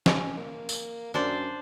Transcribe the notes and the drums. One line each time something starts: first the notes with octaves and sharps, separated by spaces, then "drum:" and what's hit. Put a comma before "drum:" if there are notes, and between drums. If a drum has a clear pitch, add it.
C#4, drum: snare
A#3
drum: tambourine
F#2 D4 C5 D5